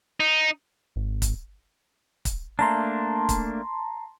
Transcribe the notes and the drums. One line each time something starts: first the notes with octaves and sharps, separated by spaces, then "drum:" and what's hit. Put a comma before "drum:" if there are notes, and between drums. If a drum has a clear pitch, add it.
D#4
G#1
drum: kick, hi-hat
drum: kick, hi-hat
A3 A#3 D4 A5 A#5 C6
drum: kick, hi-hat